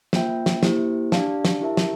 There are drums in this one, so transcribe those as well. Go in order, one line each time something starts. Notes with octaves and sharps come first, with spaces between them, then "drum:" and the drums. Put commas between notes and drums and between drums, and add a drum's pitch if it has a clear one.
A#3 F4 C5 E5 G5, drum: snare
drum: snare
A#3 E4 G4 C5, drum: snare
D4 G4 D5 F5 A5, drum: snare
drum: snare
E4 G4 A#4 E5 A5
drum: snare